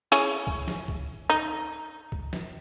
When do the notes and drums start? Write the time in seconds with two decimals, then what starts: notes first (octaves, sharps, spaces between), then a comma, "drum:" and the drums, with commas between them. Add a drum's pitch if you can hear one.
0.12 E3 C#4 G#4
0.47 drum: kick
0.68 drum: snare
0.88 drum: kick
1.30 D#4
2.12 drum: kick
2.33 drum: snare